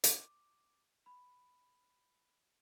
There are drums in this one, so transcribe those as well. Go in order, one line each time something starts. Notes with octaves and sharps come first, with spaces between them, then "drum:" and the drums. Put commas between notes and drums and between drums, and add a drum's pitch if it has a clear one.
D6, drum: hi-hat
B5